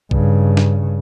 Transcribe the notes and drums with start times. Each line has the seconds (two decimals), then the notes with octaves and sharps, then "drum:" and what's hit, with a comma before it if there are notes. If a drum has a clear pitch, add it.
0.11 G2 C#3, drum: kick
0.57 drum: snare